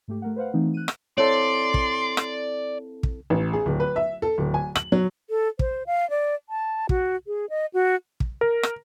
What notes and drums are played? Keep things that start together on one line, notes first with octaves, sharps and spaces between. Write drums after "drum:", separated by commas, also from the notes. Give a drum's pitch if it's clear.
G#2 A3 G4
A3 A#4 F#5
B4 C5 F5 F#5
E3 A3 C4 D#4
F#6 D#7
drum: rim click
C4 E4 A4 C#5 D5 C6
drum: kick
drum: rim click
drum: kick
A1
G#4
D1
B4
E5
A4
D1
G#5
F#7, drum: rim click
F#3
A4
C5, drum: kick
F5
D5
A5
F#4, drum: kick
G#4
D#5
F#4
drum: kick
A#4
drum: rim click